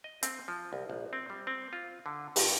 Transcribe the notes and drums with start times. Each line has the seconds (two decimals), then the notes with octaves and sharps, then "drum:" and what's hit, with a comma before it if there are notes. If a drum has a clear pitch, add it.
0.04 D#5
0.23 C4, drum: hi-hat
0.48 F3
0.73 C2
0.90 A#1
1.13 C4
1.30 G3
1.47 C4
1.73 F4
2.06 D3
2.36 G2, drum: open hi-hat